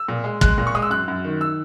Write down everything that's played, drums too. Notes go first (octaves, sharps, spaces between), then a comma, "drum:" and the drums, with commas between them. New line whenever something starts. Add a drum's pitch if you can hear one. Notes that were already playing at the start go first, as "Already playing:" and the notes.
Already playing: E6
A#2
G#3
G#3 F#6, drum: kick
A#2
C#6
G#3 D#6
E6
F#2 F#6
F#2
D#3
E6